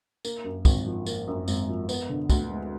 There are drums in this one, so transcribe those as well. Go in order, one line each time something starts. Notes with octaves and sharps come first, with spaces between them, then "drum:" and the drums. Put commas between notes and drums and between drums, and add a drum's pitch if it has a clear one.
A#3, drum: tambourine
F#2
G#1, drum: kick, tambourine
F3
A#3, drum: tambourine
F#2
G#1, drum: tambourine
F3
B3, drum: tambourine
D3
D2, drum: kick, tambourine
G#3